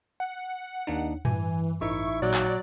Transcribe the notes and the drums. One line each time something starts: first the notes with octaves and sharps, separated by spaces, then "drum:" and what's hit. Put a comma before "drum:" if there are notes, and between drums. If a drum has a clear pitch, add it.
F#5
D#2 D4 D#4
G2 E3 G#5, drum: tom A2
A1 D#4 E4 E5 C#6
A#2 F#3 D5
drum: clap